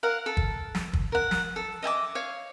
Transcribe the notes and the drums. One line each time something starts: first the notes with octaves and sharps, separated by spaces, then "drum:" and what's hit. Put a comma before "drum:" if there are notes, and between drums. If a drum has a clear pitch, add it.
A#4 F5 F#5
A4
drum: kick
drum: snare
drum: kick
A#4 F#5
drum: snare
A4
D#5 E5 G#5 D6
C#5 F5